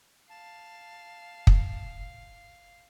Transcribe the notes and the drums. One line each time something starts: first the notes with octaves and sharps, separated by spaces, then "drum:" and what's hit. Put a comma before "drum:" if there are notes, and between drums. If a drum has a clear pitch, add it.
F5 A5
drum: kick